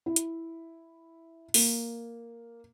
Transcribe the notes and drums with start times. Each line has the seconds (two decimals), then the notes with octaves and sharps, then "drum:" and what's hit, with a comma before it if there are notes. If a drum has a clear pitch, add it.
0.06 E4
0.16 drum: hi-hat
1.54 A#3, drum: open hi-hat